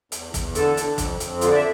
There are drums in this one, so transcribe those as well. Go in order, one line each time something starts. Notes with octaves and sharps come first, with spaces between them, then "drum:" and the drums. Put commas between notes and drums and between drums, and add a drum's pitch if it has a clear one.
E2, drum: hi-hat
E2, drum: kick, hi-hat
D3 A4, drum: hi-hat
D3, drum: hi-hat
F2, drum: kick, hi-hat
F2, drum: hi-hat
D3 F4, drum: hi-hat
D5
E5